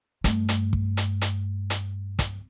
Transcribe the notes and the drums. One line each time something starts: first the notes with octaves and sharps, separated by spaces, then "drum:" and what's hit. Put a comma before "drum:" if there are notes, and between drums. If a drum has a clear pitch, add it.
G2 A3, drum: kick, hi-hat
drum: hi-hat
drum: kick
drum: hi-hat
drum: hi-hat
drum: hi-hat
drum: kick, hi-hat